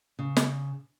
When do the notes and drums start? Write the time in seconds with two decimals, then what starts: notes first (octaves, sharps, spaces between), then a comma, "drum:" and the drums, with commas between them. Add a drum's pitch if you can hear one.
0.19 C#3
0.37 drum: snare